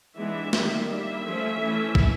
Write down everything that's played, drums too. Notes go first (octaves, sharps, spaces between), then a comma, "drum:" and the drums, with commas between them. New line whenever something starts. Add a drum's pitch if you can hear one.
E3 G#3 B3 D4 E5
D#3 G3 A#3, drum: snare
G3 A#3 D4 E5
F3 A3 C#4
E3 A3 C#4
drum: kick